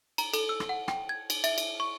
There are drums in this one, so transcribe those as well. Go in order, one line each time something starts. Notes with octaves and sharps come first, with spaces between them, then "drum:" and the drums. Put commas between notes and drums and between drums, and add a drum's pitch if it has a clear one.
A#5, drum: cymbal
A4, drum: cymbal
E6
drum: rim click
F#5
G5, drum: rim click
G#6
drum: cymbal
E5, drum: cymbal
drum: cymbal
C#6